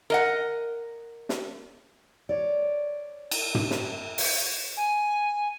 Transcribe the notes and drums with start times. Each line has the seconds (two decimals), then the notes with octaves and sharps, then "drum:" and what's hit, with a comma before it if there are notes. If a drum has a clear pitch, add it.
0.10 A#4 D#5 F#5
1.29 drum: snare
2.29 C#5 D5
3.31 drum: cymbal
3.55 drum: tom
3.71 drum: snare
4.18 drum: open hi-hat
4.77 G#5